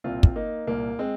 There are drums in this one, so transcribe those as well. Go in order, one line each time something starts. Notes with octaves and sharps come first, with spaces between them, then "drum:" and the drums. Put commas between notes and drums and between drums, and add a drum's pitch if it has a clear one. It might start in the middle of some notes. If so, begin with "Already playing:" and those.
C2 A#2 C4 F4
drum: kick
A#3 D#4
C2 A#2 A#3
G#3 C4